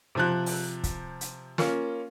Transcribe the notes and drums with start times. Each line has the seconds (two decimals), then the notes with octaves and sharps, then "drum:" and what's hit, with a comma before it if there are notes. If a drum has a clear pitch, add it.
0.15 C3 F3 F#6
0.46 drum: open hi-hat
0.84 drum: kick, hi-hat
1.21 drum: hi-hat
1.58 A#3 C#4 F4, drum: snare